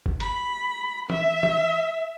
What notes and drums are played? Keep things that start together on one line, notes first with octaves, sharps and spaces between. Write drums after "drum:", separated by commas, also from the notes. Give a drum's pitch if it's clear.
drum: kick
B5, drum: hi-hat
E5, drum: tom E3
drum: tom E3